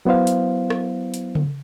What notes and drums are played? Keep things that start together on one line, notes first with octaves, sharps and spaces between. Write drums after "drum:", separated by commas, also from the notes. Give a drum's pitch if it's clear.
F#3 B3 E4 C5 F5
drum: hi-hat
drum: rim click
drum: hi-hat
drum: tom C#3